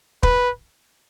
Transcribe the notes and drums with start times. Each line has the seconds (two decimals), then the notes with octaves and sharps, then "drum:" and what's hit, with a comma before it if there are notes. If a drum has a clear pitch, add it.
0.23 B4, drum: kick